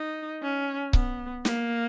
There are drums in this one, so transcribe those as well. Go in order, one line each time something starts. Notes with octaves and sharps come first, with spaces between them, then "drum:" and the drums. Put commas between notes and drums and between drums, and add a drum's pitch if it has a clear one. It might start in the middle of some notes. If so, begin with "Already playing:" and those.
Already playing: D#4
C#4
B3, drum: kick C#1
A#3, drum: snare